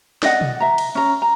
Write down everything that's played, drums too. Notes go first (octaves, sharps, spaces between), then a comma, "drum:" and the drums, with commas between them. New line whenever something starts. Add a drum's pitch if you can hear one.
D5 D#5 F#5, drum: snare
drum: tom
E5 A#5
drum: cymbal
C#4 A#5
A#5